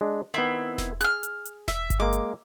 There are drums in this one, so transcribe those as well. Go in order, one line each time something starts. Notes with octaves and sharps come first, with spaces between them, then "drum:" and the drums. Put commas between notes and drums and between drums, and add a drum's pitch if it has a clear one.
G#3 D4
D#3 B3 C4 E4
drum: snare E1
G#4 F6 F#6, drum: hi-hat
drum: hi-hat
drum: hi-hat
E5, drum: snare E1
drum: kick G1, hi-hat
G#3 A#3 D6
drum: hi-hat